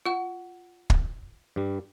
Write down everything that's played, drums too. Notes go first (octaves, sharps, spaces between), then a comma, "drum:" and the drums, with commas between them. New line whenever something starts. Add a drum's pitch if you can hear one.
F4 F#5
drum: kick
G2 G3